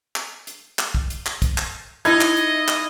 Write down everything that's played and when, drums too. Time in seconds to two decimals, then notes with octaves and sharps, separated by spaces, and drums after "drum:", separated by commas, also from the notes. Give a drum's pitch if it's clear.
0.16 drum: clap
0.47 drum: hi-hat
0.79 drum: clap
0.95 drum: kick
1.10 drum: hi-hat
1.26 drum: clap
1.42 drum: kick, hi-hat
1.58 drum: clap
2.05 D#4 E4 D#5 G#6, drum: hi-hat
2.21 drum: clap
2.37 drum: hi-hat
2.68 drum: clap